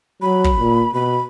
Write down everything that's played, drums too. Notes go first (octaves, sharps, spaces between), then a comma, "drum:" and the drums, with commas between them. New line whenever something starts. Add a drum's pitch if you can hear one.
F#3 B5
drum: kick
A#2
B2 B5